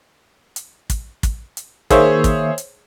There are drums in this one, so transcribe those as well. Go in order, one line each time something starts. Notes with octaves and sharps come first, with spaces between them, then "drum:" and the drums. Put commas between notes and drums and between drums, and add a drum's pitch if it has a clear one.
drum: hi-hat
drum: kick, hi-hat
drum: kick, hi-hat
drum: hi-hat
D#3 A#3 G#4 C5 C#5 E5, drum: kick, hi-hat
drum: kick, hi-hat
drum: hi-hat